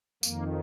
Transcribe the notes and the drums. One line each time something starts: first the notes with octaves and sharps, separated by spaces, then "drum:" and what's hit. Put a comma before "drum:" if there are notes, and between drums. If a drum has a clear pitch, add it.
F2 D#3 A#3, drum: tambourine